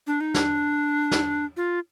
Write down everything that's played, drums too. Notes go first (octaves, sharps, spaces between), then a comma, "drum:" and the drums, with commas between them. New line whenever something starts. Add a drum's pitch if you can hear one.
D4
D#4
D4, drum: snare
drum: snare
F4